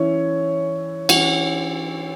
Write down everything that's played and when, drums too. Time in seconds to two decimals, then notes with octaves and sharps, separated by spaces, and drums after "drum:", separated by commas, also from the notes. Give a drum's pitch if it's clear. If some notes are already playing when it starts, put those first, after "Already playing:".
Already playing: E3 C#4 E4 C#5
1.09 E3 C#4 F#4, drum: cymbal